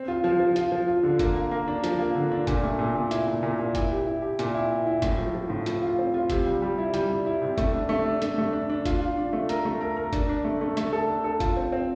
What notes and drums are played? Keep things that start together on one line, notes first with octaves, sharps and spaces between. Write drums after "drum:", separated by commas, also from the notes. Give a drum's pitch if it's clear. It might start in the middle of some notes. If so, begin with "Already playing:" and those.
Already playing: C4
F4
F3
F3
F4, drum: hi-hat
F3
F4
D3
A#3, drum: kick F#1, hi-hat
A#3
A#3
D4
F3, drum: hi-hat
A#3
D3
D4
A#2, drum: kick F#1, hi-hat
A3
A#2
A#2
E4, drum: hi-hat
A#2
A#2
A#2
E4, drum: kick F#1, hi-hat
G4
E4
G4
A#2, drum: hi-hat
E4
E4
E4
A2, drum: kick F#1, hi-hat
F3
F3
A2
F3, drum: hi-hat
F4
C4
F4
C3, drum: kick F#1, hi-hat
G3
G3
E4
G3, drum: hi-hat
G3
E4
C3
A3, drum: kick F#1, hi-hat
D4
A3
D4
A3, drum: hi-hat
A3
D4
D4
F4, drum: kick F#1, hi-hat
F4
D4
A3
A#4, drum: hi-hat
A3
A#4
A#4
D4, drum: kick F#1, hi-hat
D4
A3
A3
A3, drum: hi-hat
A4
D4
A4
F4, drum: kick F#1, hi-hat
C4
C4